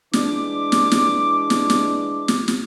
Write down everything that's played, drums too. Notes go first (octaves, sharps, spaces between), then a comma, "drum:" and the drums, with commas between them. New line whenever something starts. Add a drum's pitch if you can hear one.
E3 G#3 D4 D6, drum: snare
drum: snare
drum: snare
drum: snare
drum: snare
drum: snare
drum: snare